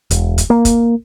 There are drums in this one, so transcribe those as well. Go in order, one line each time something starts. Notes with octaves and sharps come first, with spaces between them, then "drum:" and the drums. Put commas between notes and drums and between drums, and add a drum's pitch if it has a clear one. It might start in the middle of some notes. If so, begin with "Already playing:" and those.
E1, drum: hi-hat
drum: kick, hi-hat
A#3
drum: kick, hi-hat